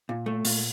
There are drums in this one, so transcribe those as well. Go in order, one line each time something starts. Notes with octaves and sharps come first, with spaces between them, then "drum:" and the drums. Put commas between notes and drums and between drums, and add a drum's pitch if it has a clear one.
A#2
A3
A#2, drum: open hi-hat